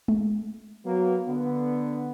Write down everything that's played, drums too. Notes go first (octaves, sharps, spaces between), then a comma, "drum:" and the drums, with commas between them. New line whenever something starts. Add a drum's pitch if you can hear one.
drum: tom G#3
F#3 A#3 B3
D3 B3